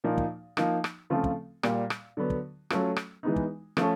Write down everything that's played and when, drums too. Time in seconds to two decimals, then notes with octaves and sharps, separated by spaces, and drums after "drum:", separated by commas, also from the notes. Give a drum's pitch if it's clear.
0.04 A#2 F3 A#3 D#4
0.18 drum: kick
0.57 F3 A#3 D#4, drum: rim click
0.84 drum: rim click
1.10 C#3 F3 A3 C4 F4
1.24 drum: kick
1.63 A#2 G3 A#3, drum: rim click
1.90 drum: rim click
2.17 D3 F#3 B3
2.30 drum: kick
2.70 F#3 A3 C#4 F4, drum: rim click
2.96 drum: rim click
3.23 E3 G#3 B3 D#4
3.36 drum: kick
3.77 F3 A3 C#4, drum: rim click